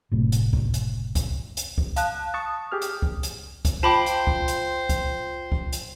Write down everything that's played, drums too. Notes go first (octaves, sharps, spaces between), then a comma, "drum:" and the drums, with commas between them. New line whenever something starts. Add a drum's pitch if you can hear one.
F#1 A2 C3
drum: hi-hat
drum: kick C2
drum: hi-hat
drum: kick C2, hi-hat
drum: hi-hat
drum: kick C2
F5 A5 F#6, drum: hi-hat
A5 C#6 D#6
G4 G#4 F6
drum: hi-hat
drum: kick C2
drum: hi-hat
drum: kick C2, hi-hat
F4 C5 G5 A5 B5 D6
drum: hi-hat
drum: kick C2
drum: hi-hat
drum: kick C2, hi-hat
drum: kick C2
drum: hi-hat